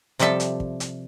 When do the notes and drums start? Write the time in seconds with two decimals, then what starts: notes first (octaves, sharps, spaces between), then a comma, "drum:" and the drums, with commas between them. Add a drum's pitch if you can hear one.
0.19 C3 F3 G3 A4 E5 A5, drum: hi-hat
0.40 drum: hi-hat
0.60 drum: kick
0.80 drum: hi-hat